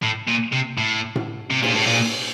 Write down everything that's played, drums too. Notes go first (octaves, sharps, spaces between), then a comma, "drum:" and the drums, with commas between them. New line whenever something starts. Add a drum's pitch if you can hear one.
A2
A#2
C3
A2
drum: tom A2
C3
A#2, drum: cymbal
A2
A#2